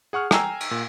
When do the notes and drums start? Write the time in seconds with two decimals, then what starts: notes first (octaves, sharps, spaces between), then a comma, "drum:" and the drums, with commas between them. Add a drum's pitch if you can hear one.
0.13 G#4 F#5 C#6 F6
0.31 G5 G#5 A#5 E6 C7, drum: rim click
0.60 drum: cymbal
0.71 A#2